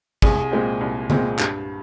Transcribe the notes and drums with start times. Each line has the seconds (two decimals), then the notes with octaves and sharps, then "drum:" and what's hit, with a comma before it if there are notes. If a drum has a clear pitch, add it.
0.22 C2 G#4, drum: kick
0.51 A#2 G#3 C4
0.81 C2
1.10 A#2 G#3 C4, drum: tom D3
1.39 G2, drum: clap